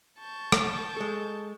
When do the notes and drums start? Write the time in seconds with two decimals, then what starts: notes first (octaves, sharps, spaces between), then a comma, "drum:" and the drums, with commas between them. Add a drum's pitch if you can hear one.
0.18 A5 C#6 G6
0.52 drum: rim click
0.97 G#3 A4